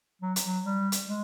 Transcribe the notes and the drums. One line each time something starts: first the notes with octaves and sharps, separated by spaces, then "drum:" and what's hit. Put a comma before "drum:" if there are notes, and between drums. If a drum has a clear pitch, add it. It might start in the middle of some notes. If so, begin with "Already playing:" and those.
F#3
drum: hi-hat
F#3
G3
drum: hi-hat
G#3